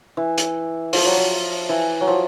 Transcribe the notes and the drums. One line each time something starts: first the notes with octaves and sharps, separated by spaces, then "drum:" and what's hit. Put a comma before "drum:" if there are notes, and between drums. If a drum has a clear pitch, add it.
E3
drum: hi-hat
F3, drum: open hi-hat
F#3
F3
E3
F#3
F3